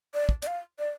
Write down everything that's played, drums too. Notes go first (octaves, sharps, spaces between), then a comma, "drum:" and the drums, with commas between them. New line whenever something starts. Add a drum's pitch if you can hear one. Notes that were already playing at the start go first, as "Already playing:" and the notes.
D5
drum: kick
D5, drum: hi-hat
F5
D5